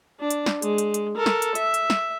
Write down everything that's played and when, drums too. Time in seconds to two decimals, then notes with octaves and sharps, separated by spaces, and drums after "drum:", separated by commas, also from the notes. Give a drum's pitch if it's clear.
0.20 D4
0.30 drum: hi-hat
0.46 drum: snare
0.62 G#3, drum: hi-hat
0.78 drum: hi-hat
0.94 drum: hi-hat
1.16 A4 A#4
1.26 drum: snare
1.42 drum: hi-hat
1.55 E5, drum: hi-hat
1.74 drum: hi-hat
1.90 drum: snare